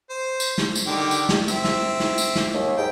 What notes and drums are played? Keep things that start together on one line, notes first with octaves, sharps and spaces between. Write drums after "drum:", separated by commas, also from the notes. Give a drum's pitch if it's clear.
C5
drum: tambourine
drum: snare
drum: tambourine
D3 D#3 G4
drum: tambourine
drum: snare
C4 E5, drum: tambourine
drum: snare
drum: snare
drum: tambourine
drum: snare
D#2
G#2 G5